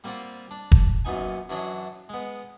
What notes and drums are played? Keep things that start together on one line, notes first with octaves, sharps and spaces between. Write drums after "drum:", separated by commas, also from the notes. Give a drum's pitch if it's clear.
G3 A#3 C4 F4 F#5
D4
drum: kick
F#2 A#2 B3 D#4 G#5
F#2 E3 F#3 D4 D#5
G#3 B3